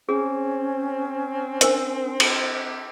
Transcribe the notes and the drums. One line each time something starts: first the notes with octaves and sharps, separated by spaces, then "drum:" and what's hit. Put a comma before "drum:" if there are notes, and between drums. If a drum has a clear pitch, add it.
C4 C#4 G#4
D4 A#4 C5, drum: hi-hat
drum: cymbal